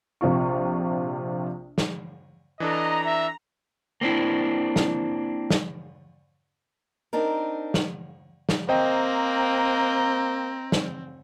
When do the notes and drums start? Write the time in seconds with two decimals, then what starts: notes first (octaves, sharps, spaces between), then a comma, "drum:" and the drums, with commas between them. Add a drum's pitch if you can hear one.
0.21 A#1 C3 F4 C#6
1.78 drum: snare
2.60 E3 D4 A4 D#5 A#5
3.06 E5
4.01 A#3 C4 D4 E4
4.76 drum: snare
5.50 drum: snare
7.13 C4 D4 D#4 A#4
7.74 drum: snare
8.49 drum: snare
8.69 A#3 C4 C5 D#5 G5 A#5
10.72 drum: snare